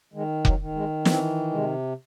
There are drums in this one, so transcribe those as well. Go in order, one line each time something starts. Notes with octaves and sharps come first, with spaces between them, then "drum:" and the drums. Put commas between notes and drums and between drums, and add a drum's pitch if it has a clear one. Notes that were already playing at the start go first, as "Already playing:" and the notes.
D#3 G#3
F#3, drum: kick F1
D#3
G#3
E3 C4, drum: snare
C3 G#3